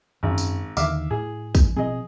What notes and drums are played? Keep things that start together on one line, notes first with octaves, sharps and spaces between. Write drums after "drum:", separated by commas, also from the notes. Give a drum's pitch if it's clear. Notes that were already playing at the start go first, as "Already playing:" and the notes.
G#1 F#2 C#4
drum: tambourine
D#2 D3 D#3 E5 F5 D6, drum: tambourine
A2 G#4
drum: kick, tambourine
B2 F3 C4 G#4 D#5